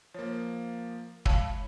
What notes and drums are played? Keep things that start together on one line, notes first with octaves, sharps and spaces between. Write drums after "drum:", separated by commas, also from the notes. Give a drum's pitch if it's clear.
F3 A#3 C#5
G#3 E4 C#5 F5 A5, drum: kick